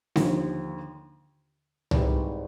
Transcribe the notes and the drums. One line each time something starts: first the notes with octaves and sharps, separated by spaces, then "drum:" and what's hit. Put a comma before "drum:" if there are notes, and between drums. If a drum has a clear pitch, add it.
D#2 D3 F3, drum: snare C4
G#1 G#2 E3 G3, drum: tom C2